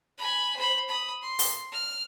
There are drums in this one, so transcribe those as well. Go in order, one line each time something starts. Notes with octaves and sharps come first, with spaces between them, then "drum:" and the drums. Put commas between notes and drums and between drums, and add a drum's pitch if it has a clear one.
G#5 B5
C5 B5
B5 D#6
C6
drum: open hi-hat
F6